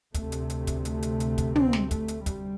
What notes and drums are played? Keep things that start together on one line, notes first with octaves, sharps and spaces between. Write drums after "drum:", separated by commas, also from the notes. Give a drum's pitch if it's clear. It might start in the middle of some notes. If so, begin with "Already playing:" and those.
D2 C3 A3, drum: kick, hi-hat
drum: hi-hat
drum: hi-hat
drum: kick, hi-hat
A3, drum: hi-hat
drum: hi-hat
drum: hi-hat
drum: kick, hi-hat
C4, drum: tom
drum: snare
A3, drum: kick, hi-hat
drum: hi-hat
G3, drum: kick, hi-hat